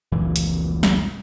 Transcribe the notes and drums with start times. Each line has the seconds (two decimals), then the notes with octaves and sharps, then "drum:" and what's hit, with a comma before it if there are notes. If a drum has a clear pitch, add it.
0.12 F1 C#2 A#2 E3
0.36 drum: hi-hat
0.83 drum: snare